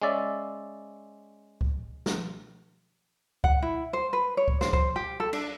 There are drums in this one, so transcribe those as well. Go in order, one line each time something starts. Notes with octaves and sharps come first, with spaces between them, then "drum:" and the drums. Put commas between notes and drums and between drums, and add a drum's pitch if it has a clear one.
G#3 C#4 D5 E5
drum: kick C#2
drum: snare
F#5, drum: kick C#2
E4
C5
B4
C#5
drum: kick C#2
C5, drum: snare
C5, drum: kick C#2
G4
A4
D4, drum: cymbal